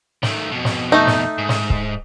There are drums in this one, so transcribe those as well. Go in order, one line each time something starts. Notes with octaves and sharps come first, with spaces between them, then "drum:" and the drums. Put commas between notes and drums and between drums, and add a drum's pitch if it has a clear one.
D#3 A3, drum: snare
F2 B2
drum: snare
A3 D#4
drum: snare
G#2
drum: snare
drum: kick C#1